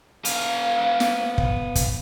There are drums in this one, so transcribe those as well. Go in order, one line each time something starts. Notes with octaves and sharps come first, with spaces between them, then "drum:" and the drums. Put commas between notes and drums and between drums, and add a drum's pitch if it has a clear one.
B3 F5, drum: hi-hat
drum: snare
drum: kick
drum: kick, hi-hat